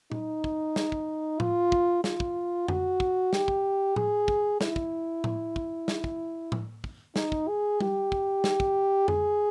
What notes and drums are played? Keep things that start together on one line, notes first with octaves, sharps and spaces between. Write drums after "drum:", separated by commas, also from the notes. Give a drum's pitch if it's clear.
D#4, drum: tom
drum: kick
drum: snare
drum: kick
F4, drum: tom A2
drum: kick
F4, drum: snare
drum: kick
F#4, drum: tom F2
drum: kick
G4, drum: snare
drum: kick
G#4, drum: tom A2
drum: kick
E4, drum: snare
drum: kick
drum: tom A2
drum: kick
drum: snare
drum: kick
drum: tom A2
drum: kick
D#4, drum: snare
drum: kick
G#4
G4, drum: tom G3
drum: kick
drum: snare
drum: kick
G#4, drum: tom F2